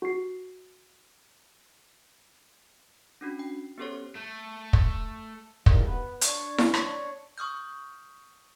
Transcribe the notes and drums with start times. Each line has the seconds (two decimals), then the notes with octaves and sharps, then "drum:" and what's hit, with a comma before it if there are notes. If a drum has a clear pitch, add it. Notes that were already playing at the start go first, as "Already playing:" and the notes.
0.02 F#4 C7
3.21 C#4 D4 F#4
3.39 G5
3.78 B3 C#4 G4 A4 C5 C#5
4.15 A3
4.73 drum: kick
5.66 G#2 E3 G3 A#3, drum: kick
5.86 B3 B4
6.21 D4 C#5, drum: hi-hat
6.58 drum: snare
6.74 drum: rim click
7.38 C#6 D#6 F6 G6